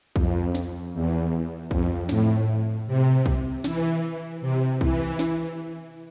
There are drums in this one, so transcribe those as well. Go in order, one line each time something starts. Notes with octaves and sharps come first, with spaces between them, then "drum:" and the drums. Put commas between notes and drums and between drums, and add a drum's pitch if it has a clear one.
F2, drum: kick B1
drum: snare
E2
F2, drum: kick B1
A2, drum: snare
C3
drum: kick B1
E3, drum: snare
C3
E3, drum: kick B1
drum: snare